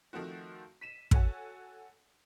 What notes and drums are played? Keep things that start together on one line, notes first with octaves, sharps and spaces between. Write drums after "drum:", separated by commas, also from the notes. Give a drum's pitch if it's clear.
D#3 F3 A3 C4 F#4
B6 D#7 E7
F#4 A4 C#5 F#5 G#5, drum: kick